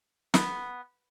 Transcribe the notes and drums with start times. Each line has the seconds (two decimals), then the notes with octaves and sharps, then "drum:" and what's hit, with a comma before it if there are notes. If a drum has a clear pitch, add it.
0.34 B3, drum: snare